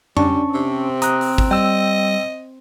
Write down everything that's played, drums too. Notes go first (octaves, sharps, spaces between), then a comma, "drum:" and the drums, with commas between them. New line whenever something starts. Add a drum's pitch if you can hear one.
G3 C#4 D4 A5 C#6, drum: tom F2
C3 C4
A#5 D#6 F#6, drum: hi-hat
drum: open hi-hat
drum: kick G#1
G3 D#5 G5 E6